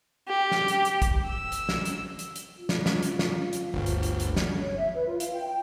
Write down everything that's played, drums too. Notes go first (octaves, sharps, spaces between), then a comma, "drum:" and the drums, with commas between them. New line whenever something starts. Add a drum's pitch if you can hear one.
G4
drum: snare
drum: hi-hat
drum: hi-hat
drum: kick, hi-hat
E6
drum: hi-hat
drum: snare
drum: hi-hat
drum: hi-hat
drum: hi-hat
F4
drum: snare
drum: snare
drum: hi-hat
drum: snare
drum: hi-hat
G1 D2
drum: hi-hat
drum: hi-hat
drum: hi-hat
drum: snare
C#5
E5
B4
F4
F5, drum: hi-hat
G5
G5